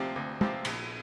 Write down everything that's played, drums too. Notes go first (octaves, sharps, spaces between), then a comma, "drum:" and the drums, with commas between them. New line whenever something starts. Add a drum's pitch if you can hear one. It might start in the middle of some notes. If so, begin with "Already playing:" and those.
Already playing: D2 C3 F3 C4 G4
D2
C3 F3 C4 G4, drum: tom
A#1, drum: cymbal